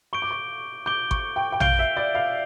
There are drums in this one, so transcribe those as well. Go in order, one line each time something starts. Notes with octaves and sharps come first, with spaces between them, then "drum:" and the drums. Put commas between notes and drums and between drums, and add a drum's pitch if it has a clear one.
C#6 G6 D7 G7
D6
C#6
D6 G6 D7 G7
C#6, drum: kick G#1
G5
G5
F5 G6 D7 G7, drum: tom
E5
D5
F5